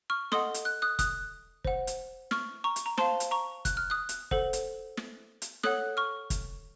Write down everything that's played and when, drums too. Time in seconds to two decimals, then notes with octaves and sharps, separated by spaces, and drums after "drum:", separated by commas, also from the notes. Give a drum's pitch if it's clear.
0.10 C#6 F6
0.32 A4 D#5 F#5 C6 D#6, drum: snare
0.54 drum: hi-hat
0.65 F#6
0.82 D#6 F#6
0.99 D#6 F#6, drum: kick, hi-hat
1.65 C5 F#5, drum: kick
1.87 drum: hi-hat
2.31 C#6 F6, drum: snare
2.64 A#5 C#6
2.76 drum: hi-hat
2.86 A#5
2.98 C5 F5 A5 C6, drum: snare
3.20 drum: hi-hat
3.31 A#5 C#6
3.65 F#6, drum: kick, hi-hat
3.77 F6
3.90 D#6 F#6
4.09 drum: hi-hat
4.31 A4 C5 F#5, drum: kick
4.53 drum: hi-hat
4.97 drum: snare
5.42 drum: hi-hat
5.63 A4 C#5 F#5 D#6 F#6, drum: snare
5.97 C#6 F6
6.30 drum: kick, hi-hat